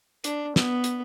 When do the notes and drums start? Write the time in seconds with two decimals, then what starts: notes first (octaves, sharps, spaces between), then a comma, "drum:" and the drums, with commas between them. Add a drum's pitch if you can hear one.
0.24 D4, drum: hi-hat
0.56 B3, drum: snare
0.84 drum: hi-hat